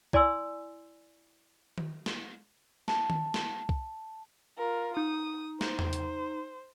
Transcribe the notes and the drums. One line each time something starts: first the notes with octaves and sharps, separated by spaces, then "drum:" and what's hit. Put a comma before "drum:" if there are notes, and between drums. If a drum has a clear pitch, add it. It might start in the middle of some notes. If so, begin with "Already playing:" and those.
E4 D5 G#5 C6 E6, drum: kick C2
drum: tom D#3
drum: snare
A5, drum: snare
drum: tom D#3
drum: snare
drum: kick C2
F4 A#4
D#4 D#6
D#4 C5, drum: snare
drum: tom E2
drum: hi-hat